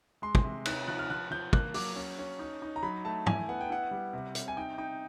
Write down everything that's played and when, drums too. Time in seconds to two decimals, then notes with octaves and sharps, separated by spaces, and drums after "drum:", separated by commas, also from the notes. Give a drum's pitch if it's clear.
0.22 G#3 C6
0.35 drum: kick
0.44 C3
0.66 D#4 F#6, drum: cymbal
0.88 F3 F#6
0.99 F6
1.10 F3 F#6
1.31 F3 G6
1.53 A#3 F#6, drum: kick
1.74 F#3 D6, drum: open hi-hat
1.96 C#4
2.19 C#4
2.39 D#4
2.62 D#4
2.76 A#5
2.83 F#3 B5
3.05 A3 A5
3.26 E4 G#5, drum: tom
3.49 B3 F#5
3.61 G5
3.70 E4 F#5
3.91 G3
4.13 C3
4.35 C3, drum: hi-hat
4.48 G#5
4.57 D#4 G5
4.78 D#4 G5